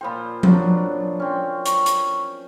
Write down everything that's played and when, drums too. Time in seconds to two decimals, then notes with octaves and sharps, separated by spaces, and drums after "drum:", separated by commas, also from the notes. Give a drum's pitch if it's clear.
0.01 A#2 F3 C5 G5 B5
0.43 F3 F#3 D4, drum: tom F3
1.20 C4 C#4
1.66 C#6, drum: hi-hat
1.86 drum: hi-hat